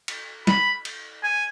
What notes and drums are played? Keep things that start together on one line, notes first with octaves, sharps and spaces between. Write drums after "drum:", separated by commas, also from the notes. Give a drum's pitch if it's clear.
drum: cymbal
B5, drum: snare
drum: cymbal
G#5